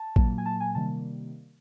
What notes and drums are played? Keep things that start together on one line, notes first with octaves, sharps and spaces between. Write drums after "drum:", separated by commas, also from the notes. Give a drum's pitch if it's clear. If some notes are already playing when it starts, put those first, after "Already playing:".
Already playing: A5
A#2 F#3 A#3, drum: kick A1
G#5
A5
G#5
C3 D#3 G3 A#3 A5